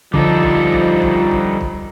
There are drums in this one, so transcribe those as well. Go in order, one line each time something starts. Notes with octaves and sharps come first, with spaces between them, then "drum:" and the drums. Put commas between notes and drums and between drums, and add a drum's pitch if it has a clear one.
D3 F3 G3 D#4 A4, drum: kick
drum: kick
drum: kick
drum: kick
drum: kick
drum: kick